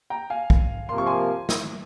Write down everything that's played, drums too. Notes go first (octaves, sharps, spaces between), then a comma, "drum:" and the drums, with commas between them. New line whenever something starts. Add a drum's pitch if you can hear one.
G5 A#5
F5 G#5
drum: kick
C3 F3 A#3 C6
C#6
G#5 C6
drum: snare